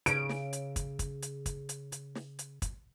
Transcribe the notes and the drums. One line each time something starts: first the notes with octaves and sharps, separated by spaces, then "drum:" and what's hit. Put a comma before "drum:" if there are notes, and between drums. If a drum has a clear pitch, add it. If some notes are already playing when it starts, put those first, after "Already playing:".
C#3 D7, drum: hi-hat
drum: snare
drum: hi-hat
drum: kick, hi-hat
drum: kick, hi-hat
drum: hi-hat
drum: kick, hi-hat
drum: hi-hat
drum: hi-hat
drum: snare
drum: hi-hat
drum: kick, hi-hat